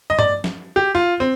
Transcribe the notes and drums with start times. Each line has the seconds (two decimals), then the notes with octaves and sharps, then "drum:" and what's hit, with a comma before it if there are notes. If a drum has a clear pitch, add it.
0.10 D#5
0.19 D5, drum: tom G2
0.44 drum: snare
0.76 G4
0.95 F4
1.20 C4